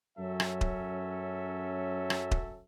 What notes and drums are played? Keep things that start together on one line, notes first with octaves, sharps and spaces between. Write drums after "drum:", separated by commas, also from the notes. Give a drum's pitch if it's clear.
F#2 F#3 C#4 A4 E5
drum: rim click
drum: kick D#1
drum: rim click
drum: kick D#1